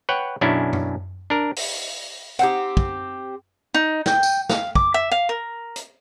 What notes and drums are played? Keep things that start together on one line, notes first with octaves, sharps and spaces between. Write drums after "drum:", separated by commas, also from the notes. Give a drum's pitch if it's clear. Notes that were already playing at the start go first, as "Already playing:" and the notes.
B4 C#5 F#5 G5
B1 F#2 C#4 D4 E4
drum: tom F#2
D4 A#4
drum: open hi-hat
C4 D#4 G4 C5 F#5, drum: hi-hat
drum: kick
D#4
G5, drum: snare
drum: tambourine
F5, drum: snare
D6, drum: kick
E5
F5
A#4
drum: hi-hat